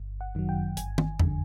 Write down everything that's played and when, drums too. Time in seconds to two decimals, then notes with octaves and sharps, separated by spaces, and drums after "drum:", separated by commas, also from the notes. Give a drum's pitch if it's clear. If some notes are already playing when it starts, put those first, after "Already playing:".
Already playing: G1
0.21 F#5
0.35 F#2 D#3 F#3
0.49 G5
0.77 G1 G#5, drum: hi-hat
0.98 drum: tom
1.20 F2 D3, drum: tom E2